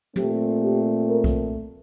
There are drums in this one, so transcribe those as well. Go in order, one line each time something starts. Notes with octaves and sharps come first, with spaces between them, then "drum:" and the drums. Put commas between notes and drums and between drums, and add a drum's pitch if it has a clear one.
A#2 A3 C4 G4, drum: tom
G4
A#4
drum: kick B1